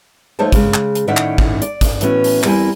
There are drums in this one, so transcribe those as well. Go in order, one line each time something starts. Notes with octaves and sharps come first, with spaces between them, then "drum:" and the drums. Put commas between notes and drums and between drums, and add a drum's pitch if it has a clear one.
F3 A3 D#4 C5 C#5 A5
C#3 G#3, drum: kick, hi-hat
drum: clap
drum: hi-hat
A2 D#3 C#4 D5 E5 F#5
drum: clap
drum: kick
D5, drum: hi-hat
drum: kick, hi-hat
A2 E3 B3 C#4 F#4, drum: hi-hat
drum: open hi-hat
E2 G3 C4 E4 A#4 G#5, drum: clap